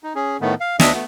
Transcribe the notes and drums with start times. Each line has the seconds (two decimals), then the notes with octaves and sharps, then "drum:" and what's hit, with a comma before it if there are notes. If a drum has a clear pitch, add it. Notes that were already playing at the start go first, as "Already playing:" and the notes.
0.03 D#4
0.15 C#4 G#4
0.41 A2 D#3 A3 B3
0.61 F5
0.80 D2 D4 D#5 E5 D#6, drum: snare
0.94 A3 B3